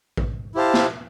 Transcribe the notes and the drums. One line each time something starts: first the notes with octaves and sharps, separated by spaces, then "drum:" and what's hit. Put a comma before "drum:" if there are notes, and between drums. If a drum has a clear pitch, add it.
drum: kick A1
E4 G4 C5 F5 A5
drum: snare